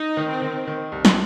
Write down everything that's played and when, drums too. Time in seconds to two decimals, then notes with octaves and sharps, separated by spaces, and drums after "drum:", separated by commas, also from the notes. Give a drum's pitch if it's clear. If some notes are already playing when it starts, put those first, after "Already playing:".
Already playing: D#4
0.17 D#3
0.29 C4
0.42 D#3
0.67 D#3
0.92 C2
1.05 drum: snare